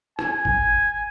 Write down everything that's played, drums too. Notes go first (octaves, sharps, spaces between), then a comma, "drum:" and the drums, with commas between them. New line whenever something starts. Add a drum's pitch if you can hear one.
G#5, drum: rim click
drum: kick